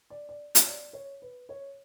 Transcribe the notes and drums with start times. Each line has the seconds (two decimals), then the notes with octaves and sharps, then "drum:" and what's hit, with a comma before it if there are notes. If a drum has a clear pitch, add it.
0.10 D5
0.29 D5
0.55 C#5, drum: hi-hat
0.66 D5
0.93 C#5
1.22 B4
1.49 C#5